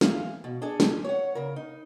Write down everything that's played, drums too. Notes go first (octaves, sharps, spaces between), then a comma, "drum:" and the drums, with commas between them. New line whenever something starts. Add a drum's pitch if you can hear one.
E3 F5, drum: snare
B2
D4 G#4 A4 D#5
drum: snare
C#5 F#5
C#3 A#4
D#4